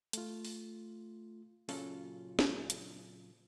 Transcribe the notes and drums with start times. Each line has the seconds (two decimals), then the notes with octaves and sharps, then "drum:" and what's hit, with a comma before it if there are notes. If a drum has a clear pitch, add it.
0.13 A3 F4, drum: hi-hat
0.45 drum: open hi-hat
1.69 A#2 C#3 F#3 C#4 F4 A4, drum: open hi-hat
2.39 drum: snare
2.70 drum: hi-hat